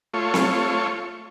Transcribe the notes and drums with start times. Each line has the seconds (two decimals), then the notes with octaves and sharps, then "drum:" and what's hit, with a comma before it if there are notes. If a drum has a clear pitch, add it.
0.14 A3 F4 C#5
0.34 drum: snare C4